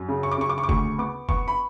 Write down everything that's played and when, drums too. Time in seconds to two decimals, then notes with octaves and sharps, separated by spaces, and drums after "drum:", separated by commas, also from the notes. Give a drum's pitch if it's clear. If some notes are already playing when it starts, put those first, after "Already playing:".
Already playing: F#2
0.09 C#3
0.23 C#6
0.32 D6
0.38 C#3 C#6
0.49 D6
0.58 C#6
0.64 D6
0.69 D2 C#6, drum: kick F1
0.99 B3 D6
1.29 B3 C#6, drum: kick F1
1.48 B5